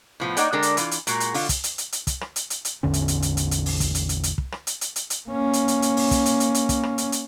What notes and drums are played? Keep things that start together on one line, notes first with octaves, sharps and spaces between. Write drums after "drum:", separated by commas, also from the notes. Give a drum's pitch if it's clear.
A2 F3 B3
A#3 D#4 C#5 D5 F#5 G5, drum: hi-hat
D3 G#3 D4 A#4 G5
drum: hi-hat
E3 F4, drum: hi-hat
drum: hi-hat
A#2 G#3 F#4 A#4, drum: hi-hat
drum: hi-hat
D3 F4, drum: open hi-hat
drum: kick, hi-hat
drum: hi-hat
drum: hi-hat
drum: hi-hat
drum: kick, hi-hat
drum: rim click
drum: hi-hat
drum: hi-hat
drum: hi-hat
A1 E2 D3 C#4
drum: hi-hat
drum: hi-hat
drum: hi-hat
drum: hi-hat
drum: hi-hat
drum: open hi-hat
drum: kick, hi-hat
drum: hi-hat
drum: hi-hat
drum: hi-hat
drum: kick
drum: rim click
drum: hi-hat
drum: hi-hat
drum: hi-hat
drum: hi-hat
A#3 C#4
drum: hi-hat
drum: hi-hat
drum: hi-hat
drum: open hi-hat
drum: kick, hi-hat
drum: hi-hat
drum: hi-hat
drum: hi-hat
drum: kick, hi-hat
drum: rim click
drum: hi-hat
drum: hi-hat